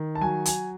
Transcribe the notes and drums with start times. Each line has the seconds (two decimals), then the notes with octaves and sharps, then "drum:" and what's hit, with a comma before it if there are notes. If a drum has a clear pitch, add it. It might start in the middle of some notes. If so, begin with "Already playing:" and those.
Already playing: D#3
0.15 A5
0.21 F#3 G#5
0.46 G#5, drum: hi-hat